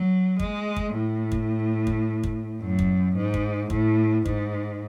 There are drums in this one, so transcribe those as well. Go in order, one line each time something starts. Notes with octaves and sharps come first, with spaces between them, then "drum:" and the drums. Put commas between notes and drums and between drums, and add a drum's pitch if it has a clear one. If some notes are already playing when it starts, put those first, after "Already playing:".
Already playing: F#3
G#3, drum: kick
drum: kick
A2
drum: kick
drum: kick
drum: kick
F#2
drum: kick
G#2
drum: kick
A2, drum: kick
G#2, drum: kick